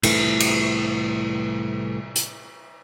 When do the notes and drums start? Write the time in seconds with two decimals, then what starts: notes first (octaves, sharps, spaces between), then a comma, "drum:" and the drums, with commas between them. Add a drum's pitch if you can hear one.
0.03 C2 A2 E3 A3, drum: cymbal
0.40 drum: cymbal
2.16 drum: hi-hat